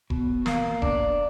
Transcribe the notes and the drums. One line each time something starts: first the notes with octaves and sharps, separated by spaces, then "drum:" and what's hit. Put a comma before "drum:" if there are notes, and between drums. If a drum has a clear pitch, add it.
B2, drum: kick E1
A#3, drum: snare
D4, drum: kick E1